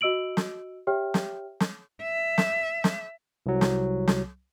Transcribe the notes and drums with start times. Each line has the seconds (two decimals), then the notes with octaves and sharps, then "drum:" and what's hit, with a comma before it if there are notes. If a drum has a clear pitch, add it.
0.01 F#4 D#5 E6 D7 F#7
0.37 drum: snare
0.87 G4 C#5 E5 G5 F6
1.14 drum: snare
1.60 drum: snare
2.02 E5
2.38 drum: snare
2.84 drum: snare
3.46 C2 F#3
3.61 drum: snare
4.08 drum: snare